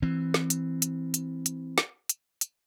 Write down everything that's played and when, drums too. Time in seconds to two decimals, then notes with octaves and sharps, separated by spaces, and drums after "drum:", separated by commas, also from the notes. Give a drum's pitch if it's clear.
0.02 E3 C4
0.34 drum: snare
0.50 drum: hi-hat
0.82 drum: hi-hat
1.14 drum: hi-hat
1.46 drum: hi-hat
1.78 drum: snare
2.09 drum: hi-hat
2.41 drum: hi-hat